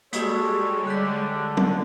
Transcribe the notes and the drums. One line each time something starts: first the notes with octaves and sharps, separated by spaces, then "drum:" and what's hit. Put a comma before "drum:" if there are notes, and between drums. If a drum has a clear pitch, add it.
G3 G#3 A#3 F#4 G4 A4 C#5, drum: hi-hat
D3 F#6 G6 B6
drum: tom